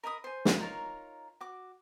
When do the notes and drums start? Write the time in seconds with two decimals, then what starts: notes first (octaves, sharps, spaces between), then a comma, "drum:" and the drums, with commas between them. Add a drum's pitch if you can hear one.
0.03 A#4 D#5 B5 D#6
0.24 C5 G#5
0.45 drum: snare
0.59 D#4 F4 A#4 C#5
1.41 F#4 D6